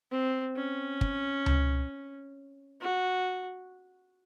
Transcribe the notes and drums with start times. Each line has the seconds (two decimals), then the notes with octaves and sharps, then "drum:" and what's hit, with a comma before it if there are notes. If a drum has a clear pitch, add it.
0.11 C4
0.56 C#4
1.01 drum: kick
1.46 drum: tom C#2
2.81 F#4